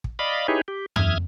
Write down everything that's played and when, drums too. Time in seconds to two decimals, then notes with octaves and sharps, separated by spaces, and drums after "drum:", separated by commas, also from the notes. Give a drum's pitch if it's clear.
0.04 drum: kick
0.19 D5 D#5 F5 B5
0.48 D#4 E4 G4 G#4 B4 C#5
0.68 G4
0.96 E2 E5 D#6 F6 G#6, drum: tom